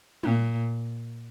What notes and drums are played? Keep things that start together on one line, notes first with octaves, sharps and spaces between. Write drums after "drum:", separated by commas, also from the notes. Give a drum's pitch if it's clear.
A#2, drum: tom